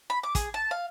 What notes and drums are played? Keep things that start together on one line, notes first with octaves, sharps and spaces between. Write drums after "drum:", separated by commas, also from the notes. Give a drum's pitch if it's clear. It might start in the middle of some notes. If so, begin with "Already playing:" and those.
B5
D6
G#4, drum: kick, hi-hat
A5
F5